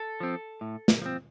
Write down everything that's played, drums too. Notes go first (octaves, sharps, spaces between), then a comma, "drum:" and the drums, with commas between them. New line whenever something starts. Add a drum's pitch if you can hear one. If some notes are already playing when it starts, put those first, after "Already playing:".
Already playing: A4
F3 C4
A2
drum: snare
F3 C4